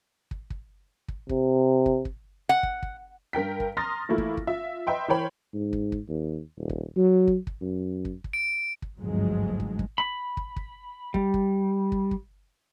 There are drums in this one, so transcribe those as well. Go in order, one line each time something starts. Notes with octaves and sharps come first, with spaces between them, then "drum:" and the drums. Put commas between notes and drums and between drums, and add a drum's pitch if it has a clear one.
drum: kick
drum: kick
drum: kick
C3, drum: kick
drum: kick
drum: kick
F#5
drum: kick
drum: kick
G2 A#4 G5 B6
drum: kick
A#5 C6 D#6 F6 A6 A#6
E3 A3 A#3 E4 F4
drum: kick
drum: kick
F4 E5
B4 D#5 E5 G5 C6
E3 A#4 C5 C#5 G5 B5
G#2
drum: kick
drum: kick
D#2
D#1
drum: kick
F#3
drum: kick
drum: kick
F#2
drum: kick
drum: kick
D7
drum: kick
G1 D2 G#2 F3 F#3 G#3
drum: kick
drum: kick
B5
drum: kick
drum: kick
G3, drum: kick
drum: kick
drum: kick
drum: kick